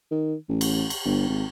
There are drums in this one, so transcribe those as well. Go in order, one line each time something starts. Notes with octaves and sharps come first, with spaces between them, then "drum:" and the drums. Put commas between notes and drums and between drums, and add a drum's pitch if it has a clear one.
D#3
A1
drum: cymbal
drum: cymbal
G1
G#1